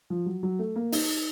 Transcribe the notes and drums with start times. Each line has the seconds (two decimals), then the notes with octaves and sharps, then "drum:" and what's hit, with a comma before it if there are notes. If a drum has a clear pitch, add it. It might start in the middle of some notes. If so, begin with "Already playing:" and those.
0.10 F3
0.26 F#3
0.43 F#3
0.59 A3
0.76 A#3
0.92 D#4, drum: open hi-hat